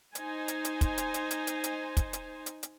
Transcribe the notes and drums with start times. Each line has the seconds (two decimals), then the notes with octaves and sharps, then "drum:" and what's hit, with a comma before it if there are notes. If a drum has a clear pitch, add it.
0.15 D#4 C5 G#5, drum: hi-hat
0.48 drum: hi-hat
0.65 drum: hi-hat
0.81 drum: kick, hi-hat
0.98 drum: hi-hat
1.14 drum: hi-hat
1.31 drum: hi-hat
1.47 drum: hi-hat
1.64 drum: hi-hat
1.97 drum: kick, hi-hat
2.13 drum: hi-hat
2.46 drum: hi-hat
2.63 drum: hi-hat